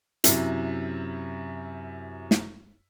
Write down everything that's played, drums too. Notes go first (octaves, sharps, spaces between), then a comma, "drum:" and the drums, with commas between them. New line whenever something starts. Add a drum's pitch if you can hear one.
F#2 C3 E4, drum: hi-hat
drum: snare